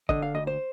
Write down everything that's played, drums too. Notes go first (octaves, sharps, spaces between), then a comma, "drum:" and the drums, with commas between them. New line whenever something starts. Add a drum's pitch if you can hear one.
D3 D#5, drum: kick
F5
D2 D#5
C5